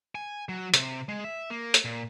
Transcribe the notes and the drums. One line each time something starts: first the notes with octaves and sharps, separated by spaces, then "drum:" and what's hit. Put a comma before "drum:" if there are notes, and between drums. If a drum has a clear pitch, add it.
G#5
F#3
C3, drum: hi-hat
G#3
E5
A#3
drum: hi-hat
A#2